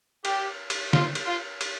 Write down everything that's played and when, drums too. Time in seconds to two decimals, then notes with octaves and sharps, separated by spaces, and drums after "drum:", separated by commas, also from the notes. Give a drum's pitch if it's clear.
0.25 G4, drum: cymbal
0.70 drum: cymbal
0.93 F4, drum: snare
1.15 drum: cymbal
1.26 F4
1.61 drum: cymbal